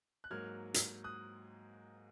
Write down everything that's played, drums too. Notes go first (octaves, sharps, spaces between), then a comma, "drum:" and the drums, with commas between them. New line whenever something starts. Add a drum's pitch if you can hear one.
F#6
G#2 F#3 A#3 F6 G#6
drum: hi-hat
D#6 F#6